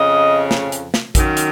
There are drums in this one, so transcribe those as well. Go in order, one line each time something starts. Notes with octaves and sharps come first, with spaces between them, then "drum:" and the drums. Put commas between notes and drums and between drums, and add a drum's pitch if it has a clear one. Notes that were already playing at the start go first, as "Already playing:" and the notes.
Already playing: F2 C#3 D#5
drum: snare
drum: hi-hat
drum: snare
F#2 D#3, drum: kick A1, hi-hat
drum: hi-hat